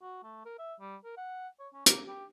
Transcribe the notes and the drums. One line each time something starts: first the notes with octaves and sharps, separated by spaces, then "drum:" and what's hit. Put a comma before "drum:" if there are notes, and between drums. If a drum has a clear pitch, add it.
F#4
A3
A#4
E5
G3
A#4
F#5
C#5
C#4
A#3, drum: hi-hat
G4